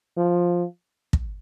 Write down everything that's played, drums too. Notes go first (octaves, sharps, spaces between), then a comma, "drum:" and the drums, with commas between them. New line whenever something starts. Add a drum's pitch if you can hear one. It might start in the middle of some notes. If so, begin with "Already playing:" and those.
F3
drum: kick